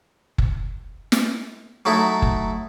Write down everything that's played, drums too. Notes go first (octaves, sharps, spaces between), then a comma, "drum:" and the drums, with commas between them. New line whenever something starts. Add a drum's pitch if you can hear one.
drum: kick F#1
drum: snare
F#3 A3 D#4 E4
drum: kick F#1